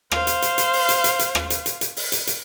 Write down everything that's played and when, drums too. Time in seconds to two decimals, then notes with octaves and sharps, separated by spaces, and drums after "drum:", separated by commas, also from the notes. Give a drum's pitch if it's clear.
0.11 C5 F5, drum: rim click
0.27 drum: hi-hat
0.42 drum: hi-hat
0.58 drum: hi-hat
0.73 drum: open hi-hat
0.89 drum: hi-hat
1.04 drum: hi-hat
1.19 drum: hi-hat
1.35 drum: rim click
1.50 drum: hi-hat
1.66 drum: hi-hat
1.81 drum: hi-hat
1.97 drum: open hi-hat
2.12 drum: hi-hat
2.27 drum: hi-hat